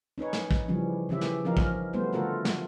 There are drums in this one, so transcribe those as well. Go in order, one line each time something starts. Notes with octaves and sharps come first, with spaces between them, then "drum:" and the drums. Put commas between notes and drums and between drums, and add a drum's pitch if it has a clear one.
C#4 D#4 B4 C#5
drum: snare
drum: kick
C#3 E3 F3 G3 C#4
C#3 E3 C#4 G4 E5
drum: snare
F3 C#4 D#4 A#4 F5
drum: kick
F#3 G3 A3 B3 C5
D3 A3 F4 F#4 A4 A#4
drum: snare